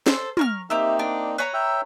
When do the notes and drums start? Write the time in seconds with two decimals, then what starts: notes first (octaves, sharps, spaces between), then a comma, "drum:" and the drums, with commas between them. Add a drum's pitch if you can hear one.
0.07 A4 C5, drum: snare
0.37 A#4 C#6 F6, drum: tom
0.70 A#3 C4 D#4 G4 E5
0.99 D4
1.38 B4 C#5 A#5
1.54 E5 G5 E6